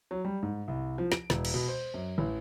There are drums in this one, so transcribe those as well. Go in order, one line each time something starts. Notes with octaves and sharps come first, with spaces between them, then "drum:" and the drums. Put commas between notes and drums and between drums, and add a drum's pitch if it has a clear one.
F#3
G3
G#2
C2
F3
D7, drum: snare
E1, drum: snare
drum: cymbal
B2
C5
F#2
A1